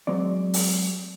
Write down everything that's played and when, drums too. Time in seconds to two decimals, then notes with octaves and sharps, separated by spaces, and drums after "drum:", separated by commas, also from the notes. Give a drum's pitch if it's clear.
0.07 F#3 G#3 C4 D5
0.54 drum: open hi-hat